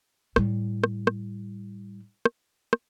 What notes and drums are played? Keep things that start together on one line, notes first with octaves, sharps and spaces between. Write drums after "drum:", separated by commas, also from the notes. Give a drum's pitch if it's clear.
A2 G3, drum: rim click
drum: rim click
drum: rim click
drum: rim click
drum: rim click